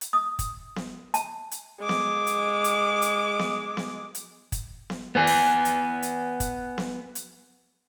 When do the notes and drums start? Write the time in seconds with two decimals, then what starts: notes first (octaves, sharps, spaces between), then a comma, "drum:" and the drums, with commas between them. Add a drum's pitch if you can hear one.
0.01 drum: hi-hat
0.13 D#6
0.39 drum: kick, hi-hat
0.76 drum: snare B3
1.14 A5, drum: hi-hat
1.51 drum: hi-hat
1.79 G#3 D6
1.89 drum: snare B3
2.27 drum: hi-hat
2.64 drum: hi-hat
3.02 drum: hi-hat
3.39 drum: snare B3
3.77 drum: snare B3
4.15 drum: hi-hat
4.52 drum: kick, hi-hat
4.90 drum: snare B3
5.15 B3 B4 G#5
5.27 drum: open hi-hat
5.65 drum: hi-hat
6.02 drum: hi-hat
6.40 drum: kick, hi-hat
6.78 drum: snare B3
7.15 drum: hi-hat